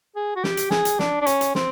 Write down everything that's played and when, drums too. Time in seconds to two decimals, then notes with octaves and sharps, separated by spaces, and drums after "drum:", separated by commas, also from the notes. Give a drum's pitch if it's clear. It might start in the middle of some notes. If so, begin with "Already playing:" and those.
0.16 G#4
0.36 F#4
0.44 G4, drum: snare
0.57 drum: hi-hat
0.71 G#4, drum: snare
0.85 drum: hi-hat
0.99 D4, drum: snare
1.21 D4
1.27 C#4, drum: hi-hat
1.41 drum: hi-hat
1.55 C4, drum: snare